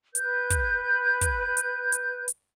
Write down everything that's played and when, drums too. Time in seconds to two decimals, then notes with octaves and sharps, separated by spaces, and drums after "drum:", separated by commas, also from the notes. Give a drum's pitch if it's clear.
0.15 B4 G6, drum: hi-hat
0.50 drum: kick, hi-hat
1.21 drum: kick, hi-hat
1.57 drum: hi-hat
1.92 drum: hi-hat
2.28 drum: hi-hat